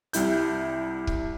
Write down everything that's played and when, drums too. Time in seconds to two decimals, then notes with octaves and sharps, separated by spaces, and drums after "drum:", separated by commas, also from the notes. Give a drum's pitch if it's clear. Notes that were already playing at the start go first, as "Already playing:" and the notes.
0.13 C2 G3 E4 G6, drum: hi-hat
1.07 drum: kick C#1